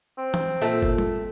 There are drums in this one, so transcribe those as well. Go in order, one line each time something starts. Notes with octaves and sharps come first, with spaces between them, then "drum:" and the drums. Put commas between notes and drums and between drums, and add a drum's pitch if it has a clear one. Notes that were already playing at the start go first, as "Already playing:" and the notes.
C4
drum: tom E3
A#2 A3
drum: kick F#1
drum: tom G3